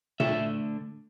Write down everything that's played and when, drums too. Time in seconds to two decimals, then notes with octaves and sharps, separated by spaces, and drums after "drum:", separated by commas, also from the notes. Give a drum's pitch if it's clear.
0.20 D3 A3 D4 E5, drum: tom A#2